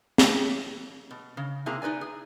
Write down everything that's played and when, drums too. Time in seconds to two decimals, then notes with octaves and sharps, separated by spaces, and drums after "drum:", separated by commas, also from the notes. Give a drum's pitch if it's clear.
0.18 drum: snare
1.11 B2
1.37 C#3
1.66 C3 A#3 E4 G#4 A#5
1.82 D#4 B4 D5 G#5
2.01 G#4